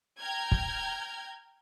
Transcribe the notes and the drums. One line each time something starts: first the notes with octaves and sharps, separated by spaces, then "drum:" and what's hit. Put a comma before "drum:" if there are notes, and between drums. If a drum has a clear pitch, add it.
G5 A#5 F6 G6 G#6
drum: kick